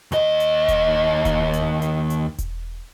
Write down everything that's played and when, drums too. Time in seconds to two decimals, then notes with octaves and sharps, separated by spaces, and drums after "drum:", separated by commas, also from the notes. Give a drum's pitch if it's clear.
0.12 D#2 D#5, drum: hi-hat
0.40 drum: hi-hat
0.68 drum: kick E1, hi-hat
1.25 drum: kick E1, hi-hat
1.53 drum: hi-hat
1.82 drum: hi-hat
2.10 drum: hi-hat
2.38 drum: kick E1, hi-hat